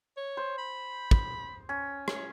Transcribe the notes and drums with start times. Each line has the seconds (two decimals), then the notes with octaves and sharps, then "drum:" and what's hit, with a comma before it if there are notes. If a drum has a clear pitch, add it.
0.17 C#5
0.37 C5
0.58 B5
1.11 drum: kick
1.69 C#4
2.08 C#5, drum: rim click